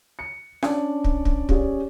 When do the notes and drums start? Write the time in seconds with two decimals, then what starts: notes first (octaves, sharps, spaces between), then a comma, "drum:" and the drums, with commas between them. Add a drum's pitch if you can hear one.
0.19 C#7
0.62 C#4 D4 D5, drum: rim click
1.04 drum: kick
1.25 drum: kick
1.49 C#4 G4 G#4 D5, drum: kick